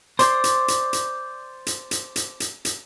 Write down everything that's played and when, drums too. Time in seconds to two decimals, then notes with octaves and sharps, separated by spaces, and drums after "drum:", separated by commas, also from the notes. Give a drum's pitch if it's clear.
0.19 C5 D5 C6, drum: hi-hat
0.44 drum: hi-hat
0.68 drum: hi-hat
0.93 drum: hi-hat
1.67 drum: hi-hat
1.91 drum: hi-hat
2.16 drum: hi-hat
2.40 drum: hi-hat
2.65 drum: hi-hat